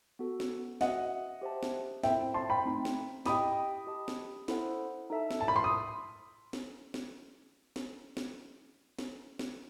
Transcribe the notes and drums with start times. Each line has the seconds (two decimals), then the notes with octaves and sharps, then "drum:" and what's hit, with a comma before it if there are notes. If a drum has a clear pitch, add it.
0.19 B3 F#4 A4
0.40 drum: snare
0.81 F#4 B4 D#5 E5 F#5, drum: snare
1.42 G4 C5 E5 A5
1.63 drum: snare
2.03 C4 E4 A4 C5 E5 G5, drum: snare
2.34 A5 C6
2.50 G5 B5
2.65 A3 C4 D#4
2.85 drum: snare
3.26 E4 G4 D#5 G5 B5 D#6, drum: snare
3.87 G4 D#5 A5
4.08 drum: snare
4.48 E4 A4 C5 F#5, drum: snare
5.10 D#4 A4 E5 A5
5.31 drum: snare
5.41 A5
5.48 B5
5.56 C6
5.64 D#6
6.53 drum: snare
6.94 drum: snare
7.76 drum: snare
8.17 drum: snare
8.99 drum: snare
9.39 drum: snare